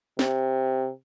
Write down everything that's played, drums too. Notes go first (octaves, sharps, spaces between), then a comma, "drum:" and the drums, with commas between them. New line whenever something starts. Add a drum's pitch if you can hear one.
C3, drum: snare